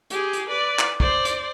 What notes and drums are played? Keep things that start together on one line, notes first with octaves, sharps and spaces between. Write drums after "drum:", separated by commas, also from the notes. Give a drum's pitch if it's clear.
G4 G#4, drum: hi-hat
drum: hi-hat
B4 D5
drum: clap
C5 D5, drum: kick
drum: hi-hat